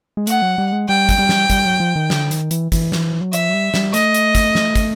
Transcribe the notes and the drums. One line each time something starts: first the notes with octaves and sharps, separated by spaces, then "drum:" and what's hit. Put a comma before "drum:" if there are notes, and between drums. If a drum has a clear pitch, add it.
G#3
A3 F#5, drum: hi-hat
F#3
G3
G#3
G3 G5
drum: kick, hi-hat
G3
drum: snare
G3, drum: kick, hi-hat
F#3
F3
D#3
D3, drum: snare
D#3, drum: hi-hat
E3, drum: hi-hat
E3, drum: kick, hi-hat
drum: snare
F#3
F3 E5, drum: hi-hat
F#3
G3
G3, drum: snare
A3 D#5, drum: hi-hat
drum: hi-hat
drum: kick, hi-hat
drum: snare
drum: kick, hi-hat